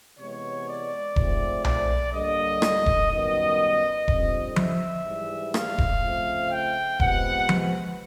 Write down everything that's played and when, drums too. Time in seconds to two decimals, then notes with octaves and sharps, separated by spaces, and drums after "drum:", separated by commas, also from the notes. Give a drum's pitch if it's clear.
0.18 C3 E3 G#3 B3 C#5
0.67 D5
1.16 G#2 F3 A3 C4, drum: kick E1
1.64 D5, drum: tom B1
2.13 G2 D3 G3 A#3 D#5
2.62 drum: rim click
2.86 drum: kick E1
3.10 F#2 D#3 G3 B3 D#5
4.08 F2 D3 G3 C4, drum: kick E1
4.56 E5, drum: tom F3
5.05 G#2 E3 G3
5.54 F5, drum: rim click
5.78 drum: kick E1
6.03 C#3 F3 A3 C4
6.52 G5
7.00 C3 F3 G#3 B3 F#5, drum: kick E1
7.49 drum: tom F3